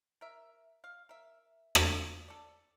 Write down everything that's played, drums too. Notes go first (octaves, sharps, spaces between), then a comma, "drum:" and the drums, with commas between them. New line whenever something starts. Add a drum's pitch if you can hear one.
A#4 E5
F5
A#4 E5
A#3 C#4, drum: rim click
A4 D5